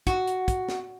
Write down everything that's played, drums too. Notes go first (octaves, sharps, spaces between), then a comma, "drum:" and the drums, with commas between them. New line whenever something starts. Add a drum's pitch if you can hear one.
F#4, drum: kick, hi-hat
drum: hi-hat
drum: kick, hi-hat
drum: snare